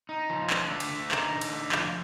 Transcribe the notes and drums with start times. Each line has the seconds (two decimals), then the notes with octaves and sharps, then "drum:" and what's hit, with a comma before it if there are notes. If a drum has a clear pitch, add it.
0.09 D#4
0.29 F3
0.50 D3, drum: clap
0.70 A3
0.80 drum: cymbal
0.91 D3
1.11 D#4, drum: clap
1.31 D3
1.41 drum: cymbal
1.52 A3
1.72 F3, drum: clap